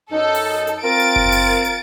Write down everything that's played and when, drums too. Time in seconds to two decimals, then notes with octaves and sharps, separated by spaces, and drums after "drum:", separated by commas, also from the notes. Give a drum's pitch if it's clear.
0.12 F#2 C#4 D#4 A4
0.35 drum: open hi-hat
0.67 drum: hi-hat
0.83 C4 F4 A#4 A6 D7
1.00 drum: hi-hat
1.16 drum: kick F#1
1.32 drum: open hi-hat
1.65 drum: hi-hat